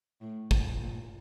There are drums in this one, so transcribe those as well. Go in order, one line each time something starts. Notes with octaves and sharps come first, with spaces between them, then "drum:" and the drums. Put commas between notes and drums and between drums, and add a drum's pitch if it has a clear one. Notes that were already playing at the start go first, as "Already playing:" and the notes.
A2
A#2, drum: kick
A#2